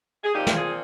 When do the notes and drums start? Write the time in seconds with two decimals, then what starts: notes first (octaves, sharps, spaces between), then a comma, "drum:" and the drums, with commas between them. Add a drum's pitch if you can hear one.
0.23 G#4
0.34 A#2 F3 C4 D#4 G4
0.47 A#4, drum: snare
0.55 F4 G#4